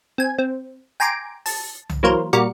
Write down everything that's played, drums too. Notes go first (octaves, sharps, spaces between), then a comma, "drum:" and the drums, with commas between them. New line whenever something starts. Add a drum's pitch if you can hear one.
C4 G#5
C4
G5 G#5 A#5 C6 D6 D7
A5, drum: open hi-hat
drum: tom C2
E3 F#3 A#3 A#4 C5
A#2 G3 F#4 A#4 D5 C#7